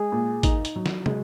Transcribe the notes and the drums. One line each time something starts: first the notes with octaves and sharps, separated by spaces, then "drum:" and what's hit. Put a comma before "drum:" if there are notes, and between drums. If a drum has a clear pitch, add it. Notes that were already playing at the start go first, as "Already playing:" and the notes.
Already playing: G#3 G#4
A#2
D#4, drum: kick, hi-hat
drum: hi-hat
F#3
drum: snare
G#3, drum: tom